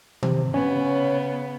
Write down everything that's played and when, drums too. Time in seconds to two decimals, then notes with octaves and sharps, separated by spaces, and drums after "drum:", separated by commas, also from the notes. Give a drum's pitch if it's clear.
0.23 C3, drum: tom D#3
0.54 C#3 B3 C#4